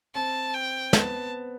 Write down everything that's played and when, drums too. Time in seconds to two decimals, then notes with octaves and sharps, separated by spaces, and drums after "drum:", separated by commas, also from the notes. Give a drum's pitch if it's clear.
0.15 C4 A5
0.54 G5
0.93 B3 A5, drum: snare